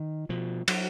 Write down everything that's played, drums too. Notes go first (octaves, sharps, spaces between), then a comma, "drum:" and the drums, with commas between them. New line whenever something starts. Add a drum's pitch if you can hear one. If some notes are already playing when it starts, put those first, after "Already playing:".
Already playing: D#3
B2 F3
F#3, drum: cymbal